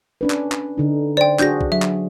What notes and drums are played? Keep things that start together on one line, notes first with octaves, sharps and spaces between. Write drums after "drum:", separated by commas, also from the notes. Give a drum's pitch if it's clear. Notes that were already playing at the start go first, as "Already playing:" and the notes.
C#4 D4 B4
drum: clap
drum: clap
D3 D#4
C5 D5 G5
D4 F#4 G#4 G6 A#6, drum: clap
drum: kick
F#3 E5
drum: clap